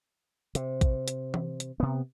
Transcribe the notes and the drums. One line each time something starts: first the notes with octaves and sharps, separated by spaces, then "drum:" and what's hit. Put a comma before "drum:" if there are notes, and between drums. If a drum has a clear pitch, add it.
C3, drum: hi-hat
drum: kick A1, hi-hat
drum: hi-hat
drum: tom E3
drum: hi-hat
C3 B3